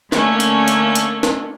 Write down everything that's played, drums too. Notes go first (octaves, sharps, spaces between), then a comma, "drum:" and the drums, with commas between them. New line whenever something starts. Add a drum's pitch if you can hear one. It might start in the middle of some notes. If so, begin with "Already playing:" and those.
D3 A3 A#3 C#4, drum: snare
drum: hi-hat
drum: hi-hat
drum: hi-hat
drum: snare